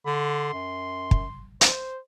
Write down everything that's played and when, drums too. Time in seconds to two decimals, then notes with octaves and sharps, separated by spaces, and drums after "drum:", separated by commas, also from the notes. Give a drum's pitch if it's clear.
0.06 D3 C6
0.53 F#2
1.11 drum: kick
1.61 C5, drum: hi-hat